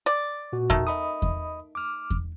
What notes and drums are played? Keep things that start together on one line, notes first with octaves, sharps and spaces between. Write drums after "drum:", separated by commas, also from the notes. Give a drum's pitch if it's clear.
D5
A#2 F#4
D#3 A3, drum: kick E2
D#5 B5 D#6
drum: kick E2
D6 F6
drum: kick E2